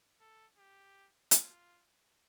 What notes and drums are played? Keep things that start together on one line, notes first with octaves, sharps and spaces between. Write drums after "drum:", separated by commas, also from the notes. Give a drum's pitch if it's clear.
A4
G4
F4, drum: hi-hat